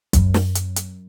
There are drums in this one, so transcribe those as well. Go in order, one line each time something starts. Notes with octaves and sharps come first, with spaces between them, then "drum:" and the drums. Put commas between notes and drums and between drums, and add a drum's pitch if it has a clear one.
F#2, drum: kick, hi-hat
drum: snare
drum: hi-hat
drum: hi-hat